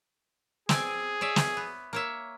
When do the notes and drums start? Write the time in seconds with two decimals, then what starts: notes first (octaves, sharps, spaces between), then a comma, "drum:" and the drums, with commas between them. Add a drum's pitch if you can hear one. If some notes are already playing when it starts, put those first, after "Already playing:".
0.69 C4 G#4 D5 G#5, drum: snare
1.21 C#5 D5 E5
1.36 drum: snare
1.57 B3
1.93 A#3 C#5 E5